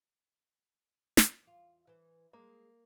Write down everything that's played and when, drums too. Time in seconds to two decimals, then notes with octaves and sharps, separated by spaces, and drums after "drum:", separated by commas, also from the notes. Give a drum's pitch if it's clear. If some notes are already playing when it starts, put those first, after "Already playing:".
1.17 drum: snare
1.43 E2 F4
1.87 E3 C5
2.33 G#3 A#3